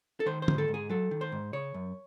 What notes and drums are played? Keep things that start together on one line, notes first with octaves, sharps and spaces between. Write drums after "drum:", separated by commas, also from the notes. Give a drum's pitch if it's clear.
A4
D#3 C5
C5
G#2, drum: tom D3
A4
G#2
G#4
F#3 A4
D#3
C5
G#2
C#3 C#5
F#2